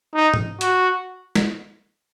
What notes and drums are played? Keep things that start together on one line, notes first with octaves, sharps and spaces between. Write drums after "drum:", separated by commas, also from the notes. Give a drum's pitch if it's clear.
D#4
drum: tom G#2
F#4, drum: hi-hat
drum: snare